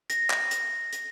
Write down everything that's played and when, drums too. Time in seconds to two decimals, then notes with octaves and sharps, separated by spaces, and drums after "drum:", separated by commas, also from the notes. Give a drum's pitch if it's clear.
0.10 A#6, drum: hi-hat
0.30 drum: clap
0.51 drum: hi-hat
0.93 drum: hi-hat